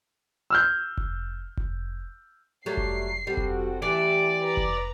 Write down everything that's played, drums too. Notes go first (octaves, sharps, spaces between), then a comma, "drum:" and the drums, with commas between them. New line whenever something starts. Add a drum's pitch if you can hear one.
E6 F6 G6
drum: kick F1
drum: kick F1
F#3 G3 A3 A4 D5 C7
drum: kick F1
G3 C4 F#4 A4
drum: kick F1
E3 A3 E4 G4 D5
B4 A#5
drum: kick F1